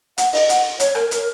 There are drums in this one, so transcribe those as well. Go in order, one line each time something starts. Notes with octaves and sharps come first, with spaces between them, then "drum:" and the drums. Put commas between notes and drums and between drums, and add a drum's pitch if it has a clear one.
F#5, drum: hi-hat
D#5, drum: open hi-hat
F#5, drum: hi-hat
C#5, drum: hi-hat
A#4, drum: rim click
A#4, drum: hi-hat